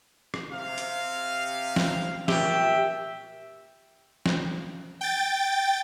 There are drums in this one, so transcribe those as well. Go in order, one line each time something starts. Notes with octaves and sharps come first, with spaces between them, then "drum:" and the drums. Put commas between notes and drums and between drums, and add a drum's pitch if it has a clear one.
drum: rim click
C3 F5
drum: hi-hat
drum: snare
A#2 G4 E5 G5, drum: snare
drum: snare
G5 A6